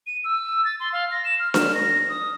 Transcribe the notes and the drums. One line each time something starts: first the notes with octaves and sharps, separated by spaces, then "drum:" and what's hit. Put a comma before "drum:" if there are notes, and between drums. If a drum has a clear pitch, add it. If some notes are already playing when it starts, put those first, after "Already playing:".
D#7
E6
A6
C6
F5
A#6
E7
F6
F6, drum: snare D4
A#6
D#6